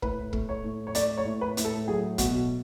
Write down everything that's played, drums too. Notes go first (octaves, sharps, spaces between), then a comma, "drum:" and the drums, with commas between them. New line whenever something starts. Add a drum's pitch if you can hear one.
A2 B4, drum: kick
A3, drum: kick
C#5
A2
C#5
A3 D5, drum: hi-hat
C#5
A2
B4
A2, drum: hi-hat
A4
F#3 G#4
B2 F#4, drum: kick, hi-hat